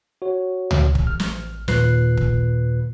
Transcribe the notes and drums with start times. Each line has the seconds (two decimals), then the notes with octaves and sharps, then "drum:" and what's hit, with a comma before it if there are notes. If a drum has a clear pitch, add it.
0.22 F#4 C#5
0.71 drum: tom C#2
0.95 drum: kick
1.06 A1 F6
1.20 drum: snare
1.68 D#2 A#2 F4 B4 F#6 C7, drum: snare
2.17 drum: kick